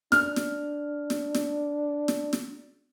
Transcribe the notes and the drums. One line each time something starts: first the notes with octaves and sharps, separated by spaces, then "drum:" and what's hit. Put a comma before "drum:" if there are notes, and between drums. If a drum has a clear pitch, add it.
D4 F6, drum: snare
drum: snare
drum: snare
drum: snare
drum: snare
drum: snare